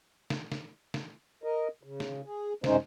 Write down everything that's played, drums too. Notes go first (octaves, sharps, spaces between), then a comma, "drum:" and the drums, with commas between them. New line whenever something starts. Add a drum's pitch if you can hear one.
drum: snare
drum: snare
drum: snare
A#4 D#5
C#3
drum: snare
G#4
F#2 C3 G#3 C#4 D#4 C5, drum: snare